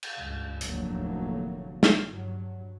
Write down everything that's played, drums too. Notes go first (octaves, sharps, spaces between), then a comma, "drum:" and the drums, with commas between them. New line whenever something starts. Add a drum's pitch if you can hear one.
drum: cymbal
C#2 G2
F1 D2 A2 D3 F#3 A#3, drum: hi-hat
drum: snare
G2 F#3